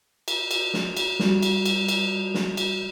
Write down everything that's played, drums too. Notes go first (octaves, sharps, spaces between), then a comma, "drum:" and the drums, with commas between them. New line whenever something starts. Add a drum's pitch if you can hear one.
drum: cymbal
drum: cymbal
drum: snare
drum: cymbal
G3 F#4, drum: snare
drum: cymbal
drum: cymbal
drum: cymbal
drum: snare
drum: cymbal